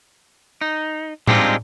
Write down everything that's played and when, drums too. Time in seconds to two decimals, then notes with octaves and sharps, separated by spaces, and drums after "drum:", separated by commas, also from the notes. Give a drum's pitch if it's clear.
0.61 D#4
1.27 G3 G#3 C4 D4 D#4 F4, drum: tom A2